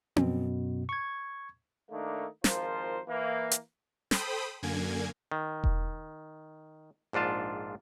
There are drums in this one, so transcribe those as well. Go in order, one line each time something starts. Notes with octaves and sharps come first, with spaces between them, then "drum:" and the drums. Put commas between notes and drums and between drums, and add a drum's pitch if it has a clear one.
F#2 B2, drum: tom C4
C#6 G#6
D#3 A3 A#3 D4 D#4
G#1 F3 F4 A#4 C5, drum: snare
E3 A#3
drum: hi-hat
A4 C5 G5 B5 D#6, drum: snare
F#2 D3 A#3 G#5 G#6
D#3
drum: kick E1
A#1 G#2 D4 F4 A5